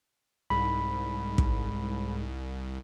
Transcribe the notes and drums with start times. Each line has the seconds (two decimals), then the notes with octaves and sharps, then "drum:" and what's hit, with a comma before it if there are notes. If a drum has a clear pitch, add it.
0.50 C2 G#2 B5
1.38 drum: kick